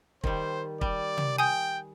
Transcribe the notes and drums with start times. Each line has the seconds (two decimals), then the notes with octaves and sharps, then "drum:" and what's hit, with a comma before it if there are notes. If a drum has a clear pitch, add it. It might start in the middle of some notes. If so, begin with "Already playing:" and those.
0.24 D#3 G3 C5, drum: kick
0.81 G3 D5, drum: kick
1.17 drum: tom
1.38 G5 G#5 D#6 G6